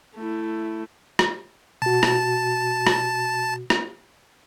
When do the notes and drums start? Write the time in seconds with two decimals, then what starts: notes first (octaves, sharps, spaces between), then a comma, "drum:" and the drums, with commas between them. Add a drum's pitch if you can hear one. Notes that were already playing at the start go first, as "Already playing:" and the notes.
0.16 A3 E4
1.19 drum: rim click
1.82 B2 F#4 A5
2.03 drum: rim click
2.87 drum: rim click
3.70 drum: rim click